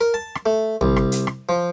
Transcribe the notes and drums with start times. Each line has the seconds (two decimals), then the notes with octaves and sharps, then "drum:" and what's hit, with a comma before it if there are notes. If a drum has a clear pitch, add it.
0.01 A#4
0.14 A5
0.35 drum: rim click
0.46 A3
0.81 C2, drum: tom
0.96 drum: rim click
1.12 drum: hi-hat
1.27 drum: rim click
1.49 F3